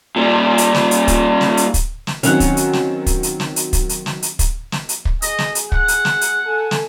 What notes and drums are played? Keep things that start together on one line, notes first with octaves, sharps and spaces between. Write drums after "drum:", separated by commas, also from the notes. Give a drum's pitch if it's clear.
A#2 G3
drum: hi-hat
drum: snare
drum: hi-hat
drum: kick, hi-hat
drum: snare
drum: hi-hat
drum: kick, hi-hat
drum: snare
D#3 F#3 C4 C#4 F#5, drum: hi-hat
drum: kick, hi-hat
drum: hi-hat
drum: snare
drum: kick, hi-hat
drum: hi-hat
drum: snare
drum: hi-hat
drum: kick, hi-hat
drum: hi-hat
drum: snare
drum: hi-hat
drum: kick, hi-hat
drum: snare
drum: hi-hat
drum: kick
G#4 D#5, drum: hi-hat
drum: snare
drum: hi-hat
F#5, drum: kick
drum: hi-hat
drum: snare
drum: hi-hat
A4 G#5
drum: snare